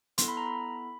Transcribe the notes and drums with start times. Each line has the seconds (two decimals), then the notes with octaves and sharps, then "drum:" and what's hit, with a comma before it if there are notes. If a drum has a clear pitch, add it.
0.18 B3 E4 A4 C6, drum: hi-hat
0.28 B5
0.37 A#5
0.46 B5